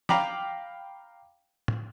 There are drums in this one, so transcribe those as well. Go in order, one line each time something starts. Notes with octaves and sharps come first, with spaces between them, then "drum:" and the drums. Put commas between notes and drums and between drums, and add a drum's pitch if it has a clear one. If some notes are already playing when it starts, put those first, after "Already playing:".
F5 G5 A#5 B5 D6, drum: snare
drum: tom